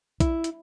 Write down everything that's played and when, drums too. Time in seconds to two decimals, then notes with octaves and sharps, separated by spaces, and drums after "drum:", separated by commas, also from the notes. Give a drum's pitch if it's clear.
0.20 E4, drum: kick, hi-hat
0.44 drum: hi-hat